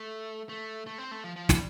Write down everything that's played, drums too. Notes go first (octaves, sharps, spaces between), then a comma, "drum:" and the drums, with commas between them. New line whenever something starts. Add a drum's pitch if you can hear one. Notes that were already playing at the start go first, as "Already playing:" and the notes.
Already playing: A3
A3
A3
C4
A3
F3
F3
G3, drum: snare